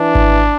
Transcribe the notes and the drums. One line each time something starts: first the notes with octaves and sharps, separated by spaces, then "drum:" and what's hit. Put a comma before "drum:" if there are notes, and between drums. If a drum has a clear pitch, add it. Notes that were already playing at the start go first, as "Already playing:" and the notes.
Already playing: E3 D4
drum: kick G#1